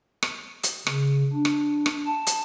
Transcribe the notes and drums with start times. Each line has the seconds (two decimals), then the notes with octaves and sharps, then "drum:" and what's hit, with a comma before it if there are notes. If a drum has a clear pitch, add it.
0.23 drum: rim click
0.63 drum: hi-hat
0.87 C#3, drum: rim click
1.33 D4
1.45 drum: rim click
1.86 drum: rim click
2.06 A5
2.27 drum: hi-hat